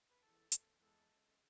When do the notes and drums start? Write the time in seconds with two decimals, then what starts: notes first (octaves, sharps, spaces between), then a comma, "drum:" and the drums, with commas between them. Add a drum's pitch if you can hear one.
0.10 B4
0.22 E2 A4
0.52 E2, drum: hi-hat
0.81 G#3 A4
1.12 C#3